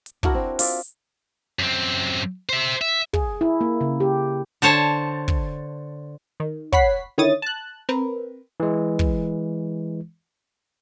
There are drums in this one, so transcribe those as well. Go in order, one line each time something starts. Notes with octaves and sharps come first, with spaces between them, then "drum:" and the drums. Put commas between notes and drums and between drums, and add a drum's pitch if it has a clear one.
drum: hi-hat
D4 E4 F#4 A#4, drum: kick
C4
F4 D5 E5, drum: open hi-hat
F#2 C4
C5 E5
E5
G#4, drum: kick
E4
A#3
C#3
G4
D3 C5 C#5 A5
drum: kick
D#3
C#5 F#5 B5 B6 C7, drum: kick
D3 D#3 E4 C#5 D#6 A6
A5 F#6
C4 A#4 B4
E3 G#3
drum: kick